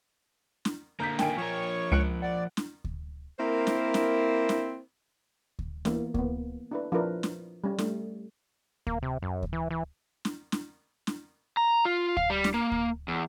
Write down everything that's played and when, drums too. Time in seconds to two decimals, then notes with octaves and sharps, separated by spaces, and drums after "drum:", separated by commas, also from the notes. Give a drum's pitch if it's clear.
0.65 drum: snare
1.00 D3 A#3 A#5 G6 B6
1.19 D#3 G5 G#5 D7, drum: snare
1.37 F3 A#4 C#5 C#6
1.92 C#2 F#6 C#7 D7
2.22 D5 F#5
2.57 drum: snare
2.84 drum: kick D2
3.39 A#3 C4 E4 A#4 C5
3.67 drum: snare
3.94 drum: snare
4.49 drum: snare
5.59 drum: kick D2
5.85 E3 A#3 B3, drum: snare
6.14 A#3 B3, drum: kick D2
6.71 D4 E4 B4
6.92 F3 D4 E4 F4 A#4 B4
7.23 drum: snare
7.64 G3 C#4
7.78 A3, drum: snare
8.87 A#3, drum: kick D2
9.03 C3
9.22 F#2
9.43 drum: kick D2
9.53 E3
9.71 E3
10.25 drum: snare
10.52 drum: snare
11.07 drum: snare
11.57 A#5
11.85 F4
12.17 F5, drum: kick D2
12.30 G3
12.44 drum: snare
12.54 A#3
12.72 drum: kick D2
13.08 E2